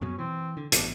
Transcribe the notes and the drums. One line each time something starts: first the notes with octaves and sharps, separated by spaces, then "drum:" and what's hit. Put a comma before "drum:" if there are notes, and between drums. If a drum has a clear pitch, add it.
F#2 B2 F#3 C#4
E3 C4
D3
A1 G2 B2 D4, drum: hi-hat